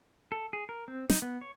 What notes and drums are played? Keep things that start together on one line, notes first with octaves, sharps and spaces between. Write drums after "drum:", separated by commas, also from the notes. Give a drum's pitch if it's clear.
A4
G#4
A#4
C4
D#4, drum: snare
B3
C#5